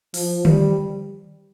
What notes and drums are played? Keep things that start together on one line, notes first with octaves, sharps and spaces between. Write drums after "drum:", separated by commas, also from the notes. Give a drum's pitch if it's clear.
F3, drum: open hi-hat
G3, drum: tom D3